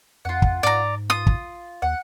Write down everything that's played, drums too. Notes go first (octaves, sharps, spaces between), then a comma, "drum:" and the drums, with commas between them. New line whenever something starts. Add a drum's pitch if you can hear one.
F2 F4 F#5
drum: kick
G#2 D5 A#5
F4 D#6
drum: kick
D#2 F#5